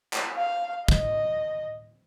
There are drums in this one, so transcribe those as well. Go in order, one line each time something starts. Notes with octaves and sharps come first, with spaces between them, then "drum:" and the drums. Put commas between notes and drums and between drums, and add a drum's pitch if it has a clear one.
drum: clap
F5
D#5, drum: kick